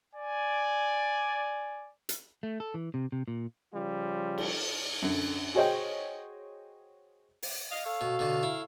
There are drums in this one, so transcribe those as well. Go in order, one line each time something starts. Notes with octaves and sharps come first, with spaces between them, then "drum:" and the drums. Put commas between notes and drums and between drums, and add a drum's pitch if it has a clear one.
D5 G#5
drum: hi-hat
A3
A4
E3
C3
C3
A#2
C#3 F3 G3 F4
drum: cymbal
F#2 D3
F#4 G#4 C5 C#5 D#5 G5
drum: open hi-hat
D#5 F5
A4 C#5 F5
B2
B2 D3
E4